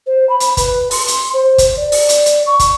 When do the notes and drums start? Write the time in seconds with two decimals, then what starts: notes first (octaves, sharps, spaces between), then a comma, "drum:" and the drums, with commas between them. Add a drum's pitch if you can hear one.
0.06 C5
0.29 B5
0.40 drum: hi-hat
0.57 B4, drum: kick, hi-hat
0.91 C6, drum: open hi-hat
1.08 drum: hi-hat
1.33 C5
1.58 drum: kick, hi-hat
1.77 D5
1.92 drum: open hi-hat
2.09 drum: hi-hat
2.26 drum: hi-hat
2.46 C#6
2.59 drum: kick, hi-hat